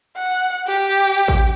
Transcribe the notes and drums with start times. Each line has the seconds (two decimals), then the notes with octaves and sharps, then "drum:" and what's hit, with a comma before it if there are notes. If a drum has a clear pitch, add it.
0.17 F#5
0.68 G4
1.28 drum: kick A1